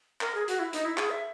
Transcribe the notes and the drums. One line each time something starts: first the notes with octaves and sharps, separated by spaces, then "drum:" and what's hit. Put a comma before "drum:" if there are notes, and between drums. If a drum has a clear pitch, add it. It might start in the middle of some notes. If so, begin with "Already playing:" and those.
A#4, drum: clap
G#4
F#4, drum: hi-hat
E4
D#4, drum: hi-hat
E4
G#4, drum: clap
E5